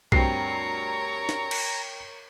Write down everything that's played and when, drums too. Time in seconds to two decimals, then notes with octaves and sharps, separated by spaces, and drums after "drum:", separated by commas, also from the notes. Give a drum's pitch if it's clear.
0.12 D2 G2 C4 A#4 C#5 G5 A#5 C7, drum: kick B1
1.29 drum: snare
1.51 drum: cymbal